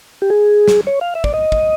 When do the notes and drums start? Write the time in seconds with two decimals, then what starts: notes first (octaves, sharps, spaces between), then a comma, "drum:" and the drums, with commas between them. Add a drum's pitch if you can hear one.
0.22 G4
0.30 G#4
0.68 drum: snare
0.87 C#5
1.01 F5
1.15 E5
1.24 D5, drum: kick
1.34 D#5
1.52 drum: kick